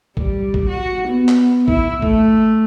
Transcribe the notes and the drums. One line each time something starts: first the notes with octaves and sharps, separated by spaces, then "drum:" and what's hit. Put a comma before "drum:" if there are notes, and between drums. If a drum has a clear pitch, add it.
G3, drum: kick
drum: kick
F#4
B3
drum: clap
E4, drum: kick
A3, drum: kick